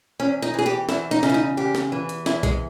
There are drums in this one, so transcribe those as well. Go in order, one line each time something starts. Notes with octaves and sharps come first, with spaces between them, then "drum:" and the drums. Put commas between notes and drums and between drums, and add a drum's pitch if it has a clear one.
E2 C#4
D#4
E3 G#4
G4
E2 E4, drum: snare
D#4
C#3, drum: snare
E4
D#4
E2 G4
drum: snare
E3
drum: hi-hat
E2 E4, drum: snare
G#3, drum: kick B1, hi-hat